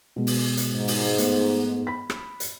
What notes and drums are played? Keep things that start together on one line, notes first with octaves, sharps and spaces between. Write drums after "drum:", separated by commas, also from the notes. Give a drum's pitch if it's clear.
B2 G#3
drum: open hi-hat
drum: hi-hat
G#2
drum: open hi-hat
A3 B3, drum: hi-hat
B5 B6
drum: rim click
drum: hi-hat